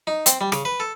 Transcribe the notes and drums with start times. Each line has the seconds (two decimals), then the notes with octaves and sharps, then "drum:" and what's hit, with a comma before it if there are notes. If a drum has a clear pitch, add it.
0.07 D#4
0.26 C4, drum: hi-hat
0.41 G3
0.52 C#3, drum: rim click
0.65 B4
0.80 A4